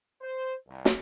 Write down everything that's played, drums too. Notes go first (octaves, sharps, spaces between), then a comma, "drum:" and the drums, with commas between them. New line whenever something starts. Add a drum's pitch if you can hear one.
C5
C2
drum: snare